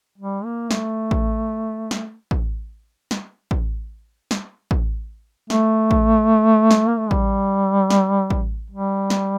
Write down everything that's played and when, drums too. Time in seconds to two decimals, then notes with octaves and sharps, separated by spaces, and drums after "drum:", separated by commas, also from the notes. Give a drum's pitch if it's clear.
0.18 G3
0.45 A#3
0.71 A3, drum: snare
1.11 drum: kick
1.91 drum: snare
2.31 drum: kick
3.11 drum: snare
3.51 drum: kick
4.31 drum: snare
4.71 drum: kick
5.50 A3, drum: snare
5.91 drum: kick
6.71 drum: snare
6.88 A#3
6.99 A3
7.11 G3, drum: kick
7.90 drum: snare
8.30 drum: kick
8.71 G3
9.10 drum: snare